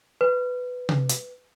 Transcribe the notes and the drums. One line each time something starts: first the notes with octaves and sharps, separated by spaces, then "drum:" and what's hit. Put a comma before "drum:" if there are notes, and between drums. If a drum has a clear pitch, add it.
B4
drum: tom C3
drum: hi-hat